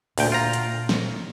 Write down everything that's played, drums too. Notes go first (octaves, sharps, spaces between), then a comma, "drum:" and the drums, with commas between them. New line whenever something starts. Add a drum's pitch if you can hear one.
D2 A#2 G5, drum: open hi-hat
F4 A#5
drum: hi-hat
drum: snare